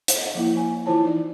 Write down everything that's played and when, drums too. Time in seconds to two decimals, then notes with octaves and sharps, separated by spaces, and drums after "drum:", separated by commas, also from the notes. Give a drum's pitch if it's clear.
0.08 C5, drum: hi-hat
0.35 F3 A#3 E4
0.57 G#5
0.86 E3 E4 F4 C5 C#5 A5
1.03 D#4 D5